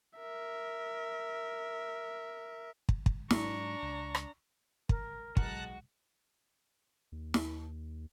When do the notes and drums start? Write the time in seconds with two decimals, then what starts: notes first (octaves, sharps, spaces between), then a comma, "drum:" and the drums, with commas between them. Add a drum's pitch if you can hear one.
0.18 A#4 E5
2.89 drum: kick
3.06 drum: kick
3.31 G#2 F#3 D4 A#5 C#6, drum: snare
3.82 C#2
4.15 drum: rim click
4.89 A#4, drum: kick
5.37 B1 G#3 F#4 A5 A#5 F#6, drum: kick
7.12 D#2
7.34 drum: snare